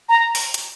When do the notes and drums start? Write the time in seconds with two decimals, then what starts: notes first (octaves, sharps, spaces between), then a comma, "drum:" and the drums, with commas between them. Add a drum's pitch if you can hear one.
0.09 A#5
0.35 drum: open hi-hat
0.54 drum: hi-hat